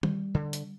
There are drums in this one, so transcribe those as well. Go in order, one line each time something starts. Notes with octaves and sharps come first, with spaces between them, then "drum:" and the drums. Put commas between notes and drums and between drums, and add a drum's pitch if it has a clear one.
G3, drum: tom
D3
drum: hi-hat